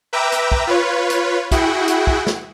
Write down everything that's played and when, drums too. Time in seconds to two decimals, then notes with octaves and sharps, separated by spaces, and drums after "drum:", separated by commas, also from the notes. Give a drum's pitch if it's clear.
0.13 B4 E5 G5 A#5 D6 E6
0.32 drum: hi-hat
0.52 drum: kick
0.67 F4 B4 C#5
1.10 drum: hi-hat
1.51 E4 F#4 G#4 F#5 G5, drum: kick, hi-hat
1.88 drum: hi-hat
2.07 drum: kick
2.27 drum: snare